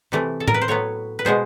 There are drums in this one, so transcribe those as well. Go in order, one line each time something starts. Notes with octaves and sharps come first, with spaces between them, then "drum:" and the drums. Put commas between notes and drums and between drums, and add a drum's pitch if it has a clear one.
C3 E3 A3
A4
A#4, drum: tom A2
B4
C5
A2 F#3 B3 C#5
B4
B2 G#3 B3 C5